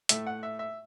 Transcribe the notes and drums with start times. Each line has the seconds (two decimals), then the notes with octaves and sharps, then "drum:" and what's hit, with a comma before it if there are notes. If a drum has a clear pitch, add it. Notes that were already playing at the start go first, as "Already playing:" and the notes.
0.09 A2 A3 E5, drum: hi-hat
0.26 F#5
0.43 E5
0.59 E5